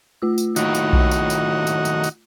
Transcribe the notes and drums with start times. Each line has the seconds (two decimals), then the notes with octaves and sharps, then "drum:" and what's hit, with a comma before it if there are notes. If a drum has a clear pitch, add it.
0.22 A3 F4 E6
0.38 drum: tambourine
0.56 D#2 A2 D#4 F#4, drum: tambourine
0.75 drum: tambourine
0.93 drum: kick B1
1.11 drum: tambourine
1.30 drum: tambourine
1.67 drum: tambourine
1.85 drum: tambourine
2.04 drum: tambourine